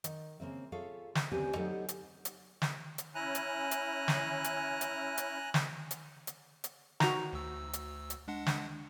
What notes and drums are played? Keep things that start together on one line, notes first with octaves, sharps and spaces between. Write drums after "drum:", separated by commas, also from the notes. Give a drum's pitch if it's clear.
D#3, drum: hi-hat
C#3 A#3 C4 E5
F4 G#4 A4 C#5 E5 F5
drum: snare
D2 C#3 B3 C4 G4 G#5
F#3 B3 D#4 G4 A4 C5
drum: hi-hat
drum: hi-hat
drum: snare
drum: hi-hat
C#4 E4 G#5 A#5 F#6
drum: hi-hat
drum: hi-hat
drum: snare
drum: hi-hat
drum: hi-hat
drum: hi-hat
drum: snare
drum: hi-hat
drum: hi-hat
drum: hi-hat
D#4 F#4 A#5, drum: snare
D2 E6
drum: hi-hat
drum: hi-hat
G#3 D4 F#5
drum: snare